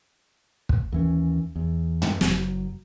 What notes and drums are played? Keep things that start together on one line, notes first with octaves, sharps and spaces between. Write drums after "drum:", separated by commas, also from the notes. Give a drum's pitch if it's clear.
drum: kick
D#2 E3 C#4
E2
drum: tom
F#1 F#3, drum: snare